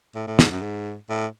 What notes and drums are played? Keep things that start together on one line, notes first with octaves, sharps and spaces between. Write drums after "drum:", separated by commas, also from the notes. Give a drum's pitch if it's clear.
A2
A2
G#2, drum: snare
F#2
G#2
A2